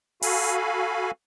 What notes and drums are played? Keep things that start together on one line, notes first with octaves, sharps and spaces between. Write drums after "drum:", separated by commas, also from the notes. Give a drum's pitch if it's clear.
F#4 A4 F5 G#5 B5, drum: open hi-hat